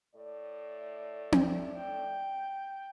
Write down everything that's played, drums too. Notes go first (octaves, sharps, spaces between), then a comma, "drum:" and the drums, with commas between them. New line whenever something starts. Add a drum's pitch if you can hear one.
A2 A3 D5
drum: tom C4
G5